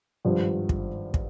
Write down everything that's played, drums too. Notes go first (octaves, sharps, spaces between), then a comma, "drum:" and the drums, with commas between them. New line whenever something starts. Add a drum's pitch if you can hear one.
G#1 G2 F3
drum: kick
drum: kick